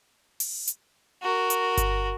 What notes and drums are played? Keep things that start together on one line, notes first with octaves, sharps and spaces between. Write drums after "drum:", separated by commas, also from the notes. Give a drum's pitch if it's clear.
drum: open hi-hat
drum: hi-hat
F#4 A#4
drum: hi-hat
drum: kick G1, hi-hat